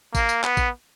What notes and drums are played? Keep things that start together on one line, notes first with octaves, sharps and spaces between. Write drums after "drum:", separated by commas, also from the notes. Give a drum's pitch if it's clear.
A#3, drum: kick A1, tambourine
drum: tambourine
B3, drum: clap
drum: kick A1, tambourine